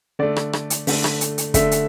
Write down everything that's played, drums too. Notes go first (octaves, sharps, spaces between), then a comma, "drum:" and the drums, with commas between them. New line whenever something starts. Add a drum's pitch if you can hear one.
D3 A3 D5
drum: rim click
drum: rim click
drum: hi-hat
D3 A3, drum: open hi-hat
drum: rim click
drum: hi-hat
drum: hi-hat
D3 A3 E5, drum: kick, hi-hat
drum: hi-hat